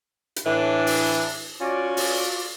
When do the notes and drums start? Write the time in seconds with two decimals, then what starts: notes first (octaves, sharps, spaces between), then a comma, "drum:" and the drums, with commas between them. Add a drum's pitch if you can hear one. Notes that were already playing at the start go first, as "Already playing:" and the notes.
0.36 drum: hi-hat
0.46 A2 E3 D4
0.87 drum: open hi-hat
1.61 C#4 F4 F#4 D5
1.97 drum: open hi-hat